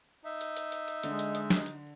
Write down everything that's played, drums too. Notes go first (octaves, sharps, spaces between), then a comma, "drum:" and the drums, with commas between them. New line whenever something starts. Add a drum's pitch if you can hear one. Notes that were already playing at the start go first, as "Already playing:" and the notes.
D#4 E5
drum: hi-hat
drum: hi-hat
drum: hi-hat
drum: hi-hat
D3 G#3, drum: hi-hat
drum: hi-hat
drum: hi-hat
drum: snare
drum: hi-hat